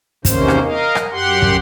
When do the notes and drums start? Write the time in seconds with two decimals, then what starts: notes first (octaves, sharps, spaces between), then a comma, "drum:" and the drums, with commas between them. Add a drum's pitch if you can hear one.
0.25 E2 C3 D#3 A#3 C#4 C5, drum: kick, hi-hat
0.48 drum: rim click
0.64 A#4 D#5 F5
0.95 drum: rim click
1.11 F#2 G4 F#5 C6
1.42 drum: kick